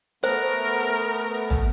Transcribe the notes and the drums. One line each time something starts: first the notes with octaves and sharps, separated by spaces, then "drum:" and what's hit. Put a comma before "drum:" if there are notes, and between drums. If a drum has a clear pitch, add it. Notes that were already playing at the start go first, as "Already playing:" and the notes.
A3 B3 A#4 C5
drum: tom